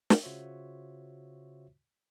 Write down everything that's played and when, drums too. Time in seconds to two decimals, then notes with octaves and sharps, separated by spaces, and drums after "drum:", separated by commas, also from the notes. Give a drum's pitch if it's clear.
0.10 drum: snare
0.23 C#3 F4 F#4 C5 C#5 E5